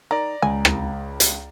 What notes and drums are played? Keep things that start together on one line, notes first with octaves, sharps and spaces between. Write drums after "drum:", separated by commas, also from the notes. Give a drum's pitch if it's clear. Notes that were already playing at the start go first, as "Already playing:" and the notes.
D#3 D5 A#5
C#2 G#5
drum: rim click
drum: hi-hat